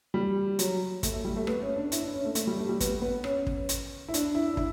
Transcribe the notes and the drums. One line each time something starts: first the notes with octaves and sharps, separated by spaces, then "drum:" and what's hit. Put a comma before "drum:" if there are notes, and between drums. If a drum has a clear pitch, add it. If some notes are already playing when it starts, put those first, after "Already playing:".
G3
F#3, drum: hi-hat
A3, drum: kick, hi-hat
A3
G3
A3
B3, drum: rim click
C#4
D4
E4, drum: hi-hat
D4
C#4
A3
A3, drum: hi-hat
G3
A3
G3
B3, drum: kick, hi-hat
B3
C#4, drum: rim click
drum: kick
drum: hi-hat
E4
D4, drum: hi-hat
E4
D4
E4, drum: kick